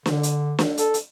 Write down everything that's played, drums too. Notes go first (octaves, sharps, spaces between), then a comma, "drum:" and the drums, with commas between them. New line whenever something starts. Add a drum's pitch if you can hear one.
D3, drum: snare
drum: hi-hat
drum: snare
A4, drum: hi-hat
drum: hi-hat